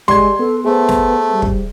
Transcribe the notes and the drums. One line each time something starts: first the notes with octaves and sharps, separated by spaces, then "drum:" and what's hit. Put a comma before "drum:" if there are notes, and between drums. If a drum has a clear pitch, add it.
G#3 G4 D5 C6 G#6, drum: snare
B3 A4
A3 B3 G#4 C5 E5
drum: snare
G3
drum: kick